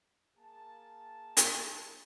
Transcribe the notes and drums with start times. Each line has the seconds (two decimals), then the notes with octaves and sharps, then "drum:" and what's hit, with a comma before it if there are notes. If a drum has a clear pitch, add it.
0.37 A#3 G#4 A5
1.37 drum: hi-hat